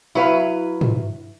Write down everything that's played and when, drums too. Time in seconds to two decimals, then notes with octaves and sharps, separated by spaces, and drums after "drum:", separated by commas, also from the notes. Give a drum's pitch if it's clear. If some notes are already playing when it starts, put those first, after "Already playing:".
0.15 F#3 E4 B4 F5
0.81 drum: tom